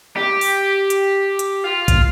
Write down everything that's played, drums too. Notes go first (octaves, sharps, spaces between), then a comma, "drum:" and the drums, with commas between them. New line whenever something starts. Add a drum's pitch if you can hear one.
G4
drum: open hi-hat
drum: hi-hat
drum: hi-hat
F4
drum: kick, hi-hat